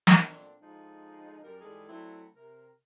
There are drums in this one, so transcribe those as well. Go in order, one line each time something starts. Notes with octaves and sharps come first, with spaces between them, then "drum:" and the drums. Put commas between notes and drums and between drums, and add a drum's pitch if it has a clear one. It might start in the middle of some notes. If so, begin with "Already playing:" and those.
drum: snare
A#2 D3 C4 D4
D3 F3 G#3 D#4
F#2 G3 G4 A#4
G#2 E3 G3 G#3 G#4 A4
F#3 A3 C4 D4 E4
C3 A#4